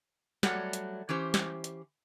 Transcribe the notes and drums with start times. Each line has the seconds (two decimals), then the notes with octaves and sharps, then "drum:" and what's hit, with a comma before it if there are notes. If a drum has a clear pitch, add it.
0.43 F#3 G3 A3 D5 F#5, drum: snare
0.73 drum: hi-hat
1.09 E3 C#4 G4 C5
1.34 drum: snare
1.64 drum: hi-hat